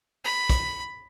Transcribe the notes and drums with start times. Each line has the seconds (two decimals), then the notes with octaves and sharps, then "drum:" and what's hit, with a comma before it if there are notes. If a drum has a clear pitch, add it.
0.24 B5
0.50 drum: kick, hi-hat